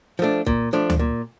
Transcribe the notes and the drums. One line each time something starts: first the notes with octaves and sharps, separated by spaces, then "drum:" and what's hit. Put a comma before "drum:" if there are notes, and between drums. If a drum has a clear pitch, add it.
F3 A3 D4
A#2, drum: kick
F3 A3 D4
drum: tom D2
A#2